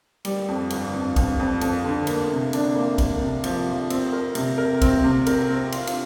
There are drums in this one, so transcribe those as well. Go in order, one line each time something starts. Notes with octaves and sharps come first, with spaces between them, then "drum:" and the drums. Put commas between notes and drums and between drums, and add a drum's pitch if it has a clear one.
G3, drum: cymbal
F2
G1, drum: cymbal
F2
F2, drum: kick, cymbal
F2
F2, drum: cymbal
D3
A#3, drum: cymbal
C3
D4, drum: cymbal
A#3
A#3, drum: kick, cymbal
C3
F3, drum: cymbal
F3
C4, drum: cymbal
A#4
C3, drum: cymbal
A#4
C4, drum: kick, cymbal
C3
A#4, drum: cymbal
C4
F4, drum: cymbal
drum: cymbal